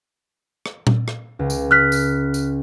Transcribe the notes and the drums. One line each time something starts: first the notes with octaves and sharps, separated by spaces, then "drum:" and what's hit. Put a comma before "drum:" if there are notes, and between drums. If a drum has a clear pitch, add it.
drum: rim click
drum: tom A#2
drum: rim click
C#2
drum: tambourine
F6 F#6 B6
drum: tambourine
drum: tambourine